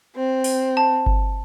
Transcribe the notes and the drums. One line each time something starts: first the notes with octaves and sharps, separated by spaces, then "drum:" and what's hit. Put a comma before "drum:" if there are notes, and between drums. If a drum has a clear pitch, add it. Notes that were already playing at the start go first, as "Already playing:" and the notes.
C4
drum: open hi-hat
A5
drum: kick G1